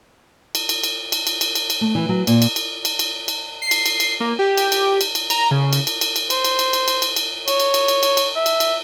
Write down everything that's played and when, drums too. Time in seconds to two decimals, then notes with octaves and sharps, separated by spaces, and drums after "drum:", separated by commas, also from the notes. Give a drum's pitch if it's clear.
0.55 drum: cymbal
0.69 drum: cymbal
0.83 drum: cymbal
1.12 drum: cymbal
1.27 drum: cymbal
1.41 drum: cymbal
1.55 drum: cymbal
1.70 drum: cymbal
1.81 A3
1.95 E3
2.09 F#3
2.27 A#2, drum: cymbal
2.42 drum: cymbal
2.56 drum: cymbal
2.85 drum: cymbal
2.99 drum: cymbal
3.28 drum: cymbal
3.62 C7
3.71 drum: cymbal
3.86 drum: cymbal
4.00 drum: cymbal
4.20 A#3
4.39 G4
4.57 drum: cymbal
4.72 drum: cymbal
5.01 drum: cymbal
5.15 drum: cymbal
5.30 A#5, drum: cymbal
5.51 C#3
5.73 drum: cymbal
5.87 drum: cymbal
6.01 drum: cymbal
6.16 drum: cymbal
6.30 C5, drum: cymbal
6.44 drum: cymbal
6.59 drum: cymbal
6.73 drum: cymbal
6.88 drum: cymbal
7.02 drum: cymbal
7.16 drum: cymbal
7.48 C#5, drum: cymbal
7.60 drum: cymbal
7.74 drum: cymbal
7.88 drum: cymbal
8.03 drum: cymbal
8.17 drum: cymbal
8.36 E5
8.46 drum: cymbal
8.60 drum: cymbal